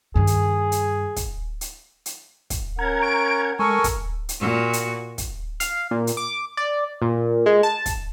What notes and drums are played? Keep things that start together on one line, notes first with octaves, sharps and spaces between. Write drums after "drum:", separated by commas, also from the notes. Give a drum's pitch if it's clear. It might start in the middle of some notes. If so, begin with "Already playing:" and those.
G2 D#3 G#4
drum: hi-hat
drum: hi-hat
drum: kick, hi-hat
drum: hi-hat
drum: hi-hat
drum: kick, hi-hat
C#4 A#4 F#5 A#5 G#6
C#6 D7
G#3 A4 A#4 G#5 C#6
drum: kick, hi-hat
drum: hi-hat
A#2 F#4
drum: hi-hat
drum: kick, hi-hat
F5, drum: hi-hat
A#2
drum: hi-hat
D6
D5
A#2
G#3
A5
drum: kick, hi-hat